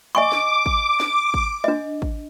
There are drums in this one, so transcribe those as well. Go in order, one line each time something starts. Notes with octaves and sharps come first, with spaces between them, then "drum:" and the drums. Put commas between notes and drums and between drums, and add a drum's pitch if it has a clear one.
D#5 G#5 C#6 D6
drum: snare
drum: kick
drum: snare
drum: kick
D4 D#5
drum: kick